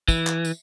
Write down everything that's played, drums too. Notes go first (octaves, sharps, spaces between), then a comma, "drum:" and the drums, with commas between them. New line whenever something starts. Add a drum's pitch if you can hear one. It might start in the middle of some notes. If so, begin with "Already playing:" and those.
E3, drum: kick, tambourine
drum: clap
drum: tambourine